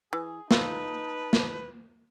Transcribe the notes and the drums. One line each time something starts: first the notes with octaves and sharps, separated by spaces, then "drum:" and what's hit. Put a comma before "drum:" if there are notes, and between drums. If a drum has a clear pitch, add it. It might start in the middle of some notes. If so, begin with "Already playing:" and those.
E3 G#4
A3 D#4 F4 B4 A5, drum: snare
drum: snare